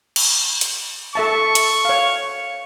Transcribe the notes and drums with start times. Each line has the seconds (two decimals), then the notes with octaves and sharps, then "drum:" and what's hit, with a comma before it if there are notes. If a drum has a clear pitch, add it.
0.16 drum: cymbal
0.61 drum: hi-hat
1.15 A4 E5 A5 C#6
1.55 drum: hi-hat
1.85 C#5 F5